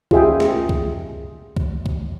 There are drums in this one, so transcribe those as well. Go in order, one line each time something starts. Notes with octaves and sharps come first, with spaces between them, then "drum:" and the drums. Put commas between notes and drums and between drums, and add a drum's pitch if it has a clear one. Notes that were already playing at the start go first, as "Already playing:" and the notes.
F4 G4 G#4 E5 G5, drum: kick
drum: snare
drum: kick
drum: kick
drum: kick